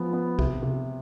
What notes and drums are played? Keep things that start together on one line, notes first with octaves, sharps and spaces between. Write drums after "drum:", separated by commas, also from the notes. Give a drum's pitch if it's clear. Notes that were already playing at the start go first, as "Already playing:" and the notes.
Already playing: F3 G#3 B3
B3
C3, drum: kick
C3